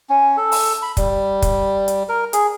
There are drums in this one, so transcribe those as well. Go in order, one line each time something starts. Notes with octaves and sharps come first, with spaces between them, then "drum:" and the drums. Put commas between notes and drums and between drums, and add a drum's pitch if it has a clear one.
C#4
A4
drum: open hi-hat
B5
G3, drum: kick, hi-hat
drum: kick, hi-hat
drum: hi-hat
A#4
G#4, drum: hi-hat